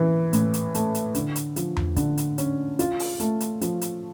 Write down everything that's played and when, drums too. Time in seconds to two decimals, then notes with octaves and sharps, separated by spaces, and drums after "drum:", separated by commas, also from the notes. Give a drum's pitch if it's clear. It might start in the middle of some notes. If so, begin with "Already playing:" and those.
Already playing: E3
0.33 A2, drum: hi-hat
0.54 drum: hi-hat
0.75 A3, drum: hi-hat
0.95 drum: hi-hat
1.15 D3, drum: hi-hat
1.36 drum: hi-hat
1.56 F3, drum: hi-hat
1.77 drum: tom E2
1.96 D3, drum: kick, hi-hat
2.17 drum: hi-hat
2.38 C#4, drum: hi-hat
2.79 F4, drum: hi-hat
2.99 drum: open hi-hat
3.20 A3, drum: hi-hat
3.40 drum: hi-hat
3.61 F3, drum: hi-hat
3.81 drum: hi-hat